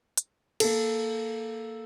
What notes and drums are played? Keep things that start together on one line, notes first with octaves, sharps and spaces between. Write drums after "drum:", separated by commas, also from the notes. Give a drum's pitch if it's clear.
drum: hi-hat
A#3 A4, drum: cymbal